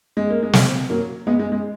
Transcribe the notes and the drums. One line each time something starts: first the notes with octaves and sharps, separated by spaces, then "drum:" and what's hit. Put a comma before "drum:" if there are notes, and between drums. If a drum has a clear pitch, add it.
G#3
A#3
G#3
drum: snare
F#3 A#3
G#3 B3
G#3
G#3